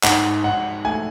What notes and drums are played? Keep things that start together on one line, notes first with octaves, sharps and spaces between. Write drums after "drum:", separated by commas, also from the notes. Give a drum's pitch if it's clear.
G#2 F#5, drum: clap
G#2 F#5
A3 G#5